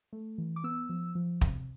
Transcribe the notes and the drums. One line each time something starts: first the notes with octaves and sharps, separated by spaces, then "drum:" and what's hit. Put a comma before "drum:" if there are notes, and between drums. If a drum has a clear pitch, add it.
A3
E3
D6
B3 E6
F3
F3
C3, drum: kick